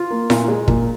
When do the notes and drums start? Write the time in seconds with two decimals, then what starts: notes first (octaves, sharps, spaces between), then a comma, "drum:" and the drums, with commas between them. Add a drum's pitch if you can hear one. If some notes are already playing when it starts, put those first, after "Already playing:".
Already playing: F4
0.10 A#3
0.30 A#2, drum: snare E4
0.48 G#3
0.68 A#2, drum: kick